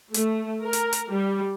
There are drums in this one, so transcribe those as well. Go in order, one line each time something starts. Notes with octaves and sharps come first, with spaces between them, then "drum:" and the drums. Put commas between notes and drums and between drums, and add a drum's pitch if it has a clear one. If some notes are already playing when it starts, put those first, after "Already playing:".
A3, drum: hi-hat
A#4
drum: hi-hat
drum: hi-hat
G3